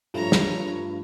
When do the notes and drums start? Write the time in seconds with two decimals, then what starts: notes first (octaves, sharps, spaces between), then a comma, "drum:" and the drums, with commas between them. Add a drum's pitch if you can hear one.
0.14 G2 F3 A3 F4 C#5 A#5
0.32 drum: snare